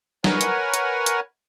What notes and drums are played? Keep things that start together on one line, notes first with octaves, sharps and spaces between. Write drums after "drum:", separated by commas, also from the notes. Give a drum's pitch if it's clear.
A#4 B4 C#5 F#5 G#5, drum: snare
drum: hi-hat
drum: hi-hat
drum: hi-hat